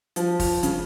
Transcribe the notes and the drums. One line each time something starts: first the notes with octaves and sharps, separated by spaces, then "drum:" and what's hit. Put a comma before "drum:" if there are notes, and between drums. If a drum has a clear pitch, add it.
F3, drum: hi-hat
drum: kick, open hi-hat
C#3, drum: hi-hat